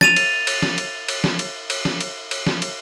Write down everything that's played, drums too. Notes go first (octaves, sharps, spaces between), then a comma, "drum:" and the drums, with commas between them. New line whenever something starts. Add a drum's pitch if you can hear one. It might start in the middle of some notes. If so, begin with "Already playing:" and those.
A6 D#7 F7, drum: snare
drum: cymbal
drum: cymbal
drum: snare
drum: cymbal
drum: cymbal
drum: snare
drum: cymbal
drum: cymbal
drum: snare
drum: cymbal
drum: cymbal
drum: snare
drum: cymbal